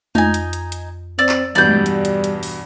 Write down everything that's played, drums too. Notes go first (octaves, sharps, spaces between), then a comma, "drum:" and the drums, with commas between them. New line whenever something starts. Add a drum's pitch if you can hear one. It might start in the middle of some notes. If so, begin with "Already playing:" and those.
F2 D#4 G#5, drum: tom G#3
drum: hi-hat
drum: hi-hat
drum: hi-hat
C4 D5 E6
drum: clap
E2 G2 B2 G3 D5 G6
drum: tom G#3
drum: hi-hat
drum: hi-hat
drum: hi-hat
drum: open hi-hat